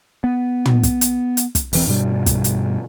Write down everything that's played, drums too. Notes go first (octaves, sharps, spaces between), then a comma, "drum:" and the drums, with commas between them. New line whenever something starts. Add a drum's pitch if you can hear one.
B3
drum: tom
drum: kick, hi-hat
drum: hi-hat
drum: hi-hat
drum: kick, hi-hat
E1 E3 C4, drum: open hi-hat
G2 B2 G3
drum: kick, hi-hat
drum: hi-hat